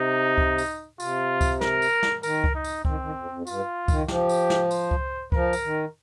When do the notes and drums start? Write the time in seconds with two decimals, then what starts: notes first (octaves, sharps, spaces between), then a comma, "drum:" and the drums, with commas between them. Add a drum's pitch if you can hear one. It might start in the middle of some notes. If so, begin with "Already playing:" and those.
Already playing: C3 D#4
0.38 drum: kick C#2
0.58 drum: tambourine
1.00 C3 F4, drum: tambourine
1.41 drum: kick C#2, tambourine
1.61 A#4, drum: snare
1.82 drum: tambourine
2.03 drum: snare
2.23 D#3 A#4, drum: tambourine
2.44 drum: kick C#2
2.55 D#4
2.64 drum: tambourine
2.85 D#3 C4, drum: kick C#2
3.01 D#3
3.16 F2
3.32 F2
3.47 G2 F4, drum: tambourine
3.88 D#3, drum: kick C#2, tambourine
4.08 F3 G4, drum: snare
4.29 drum: tambourine
4.50 drum: snare
4.71 C5, drum: tambourine
4.91 drum: kick C#2
5.32 F3 A#4, drum: kick C#2
5.53 drum: tambourine
5.63 D#3